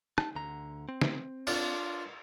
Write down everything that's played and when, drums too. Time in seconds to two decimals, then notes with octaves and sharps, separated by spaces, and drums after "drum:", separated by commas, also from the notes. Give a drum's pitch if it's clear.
0.18 A5, drum: rim click
0.35 D2 D3 A#5
0.89 C4
1.01 drum: snare
1.47 D4 F4, drum: cymbal